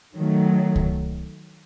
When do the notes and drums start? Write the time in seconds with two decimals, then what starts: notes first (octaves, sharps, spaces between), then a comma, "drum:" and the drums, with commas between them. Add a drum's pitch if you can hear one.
0.14 D#3 F#3 A3
0.75 drum: kick C2